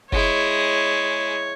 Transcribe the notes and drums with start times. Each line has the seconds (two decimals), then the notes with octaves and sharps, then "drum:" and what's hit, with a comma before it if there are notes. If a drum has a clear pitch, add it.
0.12 G#3 E4 C#5, drum: kick